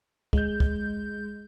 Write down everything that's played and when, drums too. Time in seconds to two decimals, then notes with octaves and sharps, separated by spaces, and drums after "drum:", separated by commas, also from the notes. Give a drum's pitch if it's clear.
0.33 G#3 G6, drum: kick
0.60 drum: kick